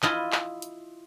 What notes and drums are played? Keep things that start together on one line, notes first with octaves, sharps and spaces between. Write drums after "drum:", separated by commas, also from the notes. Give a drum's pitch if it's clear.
E4 F4 D#5, drum: clap
drum: clap
drum: hi-hat